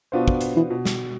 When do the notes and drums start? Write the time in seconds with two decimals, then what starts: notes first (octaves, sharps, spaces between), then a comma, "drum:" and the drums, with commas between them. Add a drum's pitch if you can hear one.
0.12 B2 B3 D4 F4 C5
0.28 drum: kick
0.41 drum: hi-hat
0.56 E3
0.70 B2
0.85 drum: snare